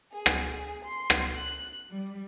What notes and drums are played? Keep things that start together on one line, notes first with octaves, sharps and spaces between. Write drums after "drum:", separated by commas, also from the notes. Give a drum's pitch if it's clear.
G#4
drum: rim click
C6
drum: rim click
F#6
G3